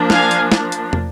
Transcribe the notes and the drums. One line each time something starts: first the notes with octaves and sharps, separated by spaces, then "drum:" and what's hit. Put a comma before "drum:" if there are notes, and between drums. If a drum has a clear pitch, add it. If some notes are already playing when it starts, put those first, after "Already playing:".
Already playing: F3 A#3 D4
F5 G#5, drum: snare
drum: hi-hat
drum: snare
drum: hi-hat
drum: tom